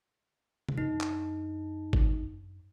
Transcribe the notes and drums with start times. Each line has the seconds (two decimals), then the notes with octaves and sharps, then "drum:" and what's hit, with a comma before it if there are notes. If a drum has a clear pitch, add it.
0.69 drum: tom C3
0.78 F#2 D4 D#4
1.01 drum: clap
1.93 drum: kick G#1